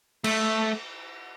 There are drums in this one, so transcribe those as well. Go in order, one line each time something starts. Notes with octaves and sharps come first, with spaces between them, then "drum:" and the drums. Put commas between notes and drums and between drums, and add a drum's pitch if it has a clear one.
A3, drum: cymbal